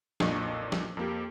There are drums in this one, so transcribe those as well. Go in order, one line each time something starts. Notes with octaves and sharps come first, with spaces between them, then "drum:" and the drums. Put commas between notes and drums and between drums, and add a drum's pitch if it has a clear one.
B1 F2 A#2 D4 D#5 C#6, drum: snare
drum: snare
F2 A#3 G4